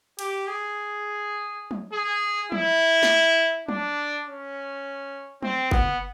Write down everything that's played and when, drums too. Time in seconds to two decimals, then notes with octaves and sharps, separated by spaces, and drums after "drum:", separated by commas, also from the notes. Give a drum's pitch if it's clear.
0.19 G4, drum: cymbal
0.48 G#4
1.71 drum: tom
1.93 G#4
2.52 E4, drum: tom
3.03 drum: snare
3.69 D4, drum: tom
4.26 C#4
5.43 C4, drum: tom
5.71 B3, drum: kick G1